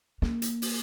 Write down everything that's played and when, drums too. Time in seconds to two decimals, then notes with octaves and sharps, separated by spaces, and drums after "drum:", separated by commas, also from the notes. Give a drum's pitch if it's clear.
0.22 A#3, drum: snare
0.42 drum: hi-hat
0.62 drum: open hi-hat